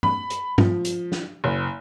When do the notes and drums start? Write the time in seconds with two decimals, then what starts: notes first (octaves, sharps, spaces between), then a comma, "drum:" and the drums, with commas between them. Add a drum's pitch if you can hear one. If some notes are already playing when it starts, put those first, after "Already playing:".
0.03 B5, drum: tom G2
0.30 drum: hi-hat
0.58 F3, drum: tom G2
0.85 drum: hi-hat
1.12 drum: snare
1.44 F#1